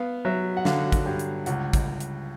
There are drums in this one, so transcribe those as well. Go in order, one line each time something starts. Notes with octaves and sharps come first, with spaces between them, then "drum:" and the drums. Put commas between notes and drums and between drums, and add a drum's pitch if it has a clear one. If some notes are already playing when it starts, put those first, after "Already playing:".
Already playing: B3 F5
F#3 E5
F#5
D3 F5, drum: snare
drum: kick, hi-hat
G2
drum: hi-hat
C#2 F#5, drum: hi-hat
drum: kick, hi-hat
drum: hi-hat